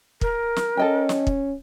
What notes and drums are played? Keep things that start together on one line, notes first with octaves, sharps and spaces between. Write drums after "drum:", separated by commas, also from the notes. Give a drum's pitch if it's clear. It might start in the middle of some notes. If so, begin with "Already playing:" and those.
A#4, drum: kick
drum: snare
C#4 A4 D#5 G5
drum: snare
drum: kick